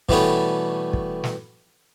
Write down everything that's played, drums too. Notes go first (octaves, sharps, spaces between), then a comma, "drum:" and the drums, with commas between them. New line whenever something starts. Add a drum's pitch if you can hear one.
B2 E3 G3 A3 B3 C#4, drum: kick
drum: kick
drum: snare